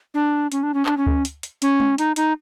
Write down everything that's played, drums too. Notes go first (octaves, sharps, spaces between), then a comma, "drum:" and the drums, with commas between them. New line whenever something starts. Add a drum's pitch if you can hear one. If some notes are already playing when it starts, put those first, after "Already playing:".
D4
C#4, drum: hi-hat
D4
C#4
D4, drum: clap
C#4
drum: kick D2
drum: hi-hat
drum: hi-hat
C#4, drum: hi-hat
drum: tom G#3
D#4, drum: hi-hat
D#4, drum: hi-hat